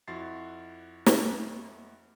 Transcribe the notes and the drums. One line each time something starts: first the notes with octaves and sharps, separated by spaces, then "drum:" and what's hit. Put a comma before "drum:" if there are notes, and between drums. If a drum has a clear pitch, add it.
F2 E4 F#4 C6 A6 C7
drum: snare